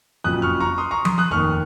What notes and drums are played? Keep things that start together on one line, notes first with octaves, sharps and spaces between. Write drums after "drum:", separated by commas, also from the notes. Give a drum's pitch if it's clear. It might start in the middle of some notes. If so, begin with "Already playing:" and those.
F#1 F2 C#3 F#3 D#6 F#6
C#6 F6
A#5 C#6
C6 D#6
A#5 C#6
C6 D#6, drum: tom F3
D#6 F#6
F1 D#2 D#3 C#6 F6